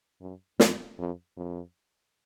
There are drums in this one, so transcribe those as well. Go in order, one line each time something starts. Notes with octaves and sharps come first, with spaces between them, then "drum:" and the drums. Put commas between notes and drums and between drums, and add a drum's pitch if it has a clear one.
F#2
F2, drum: snare
F2
F2